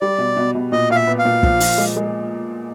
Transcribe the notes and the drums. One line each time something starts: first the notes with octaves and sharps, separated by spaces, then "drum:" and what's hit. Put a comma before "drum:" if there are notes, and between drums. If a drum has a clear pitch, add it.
G3 D5
B2
B2
B2
A#2 D#5
A#2 F5
E5
B3
F5
A#2
F3, drum: kick
F3, drum: open hi-hat
G#3
G#3